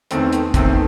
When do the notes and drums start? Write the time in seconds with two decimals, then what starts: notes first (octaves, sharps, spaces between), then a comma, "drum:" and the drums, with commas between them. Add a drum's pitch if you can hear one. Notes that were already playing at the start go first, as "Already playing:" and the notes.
0.11 E2 D#3 A3 C4, drum: hi-hat
0.33 drum: hi-hat
0.54 E2 D#3 A3 C4, drum: kick, hi-hat